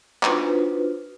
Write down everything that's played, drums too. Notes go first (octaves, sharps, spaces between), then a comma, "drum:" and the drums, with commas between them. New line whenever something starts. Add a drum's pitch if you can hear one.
D4 D#4 F4 F#4 B4 C5, drum: clap